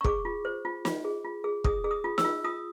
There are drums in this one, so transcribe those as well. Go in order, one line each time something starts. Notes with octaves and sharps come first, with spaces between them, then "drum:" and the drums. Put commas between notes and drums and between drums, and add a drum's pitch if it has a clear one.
C#6
G#4 D6, drum: kick
F4
C5
F4
F4, drum: snare
G#4
F4
G#4
G#4 D#6, drum: kick
G#4
D#6
F4
E6, drum: snare
F4
F4 D#6